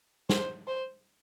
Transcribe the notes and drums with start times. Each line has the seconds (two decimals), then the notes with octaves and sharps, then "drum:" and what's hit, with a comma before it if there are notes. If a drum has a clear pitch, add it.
0.30 C5, drum: snare
0.67 C5